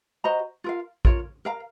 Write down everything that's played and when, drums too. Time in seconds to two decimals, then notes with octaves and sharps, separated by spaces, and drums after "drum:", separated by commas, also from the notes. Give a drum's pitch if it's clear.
0.24 F#4 C5 D#5 A#5
0.64 F4 A#4 F5
1.05 F4 A#4 C#5, drum: kick A#1
1.45 A#4 F5 A#5